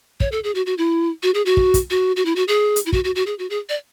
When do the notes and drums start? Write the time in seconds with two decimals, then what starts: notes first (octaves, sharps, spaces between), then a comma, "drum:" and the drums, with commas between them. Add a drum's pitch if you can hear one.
0.20 C#5, drum: kick
0.32 A4
0.44 G#4
0.55 F#4
0.66 F#4
0.78 E4
1.23 F#4
1.34 G#4
1.46 F#4
1.57 drum: kick
1.74 drum: kick, hi-hat
1.90 F#4
2.16 F#4
2.25 E4
2.36 F#4
2.48 G#4
2.76 drum: hi-hat
2.86 E4
2.93 F#4, drum: kick
3.04 F#4
3.15 F#4
3.27 G#4
3.39 F#4
3.50 G#4
3.69 D5